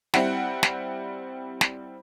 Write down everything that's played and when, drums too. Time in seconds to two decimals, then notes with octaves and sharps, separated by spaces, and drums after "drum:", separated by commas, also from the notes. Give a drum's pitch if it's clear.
0.14 G3 C4 E4 F#5, drum: snare
0.63 drum: snare
1.61 drum: snare